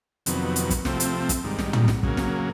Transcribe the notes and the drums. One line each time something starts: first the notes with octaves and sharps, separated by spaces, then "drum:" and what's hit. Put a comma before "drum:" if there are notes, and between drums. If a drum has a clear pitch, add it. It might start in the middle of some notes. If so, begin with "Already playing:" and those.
F2 C3 D#3 F#3 B3, drum: hi-hat
drum: hi-hat
drum: kick, hi-hat
C3 F3 A3 C4, drum: snare
drum: hi-hat
drum: kick, hi-hat
G#2 D#3 G3
drum: snare
drum: tom
drum: snare
C#3 F#3 A#3, drum: kick
drum: snare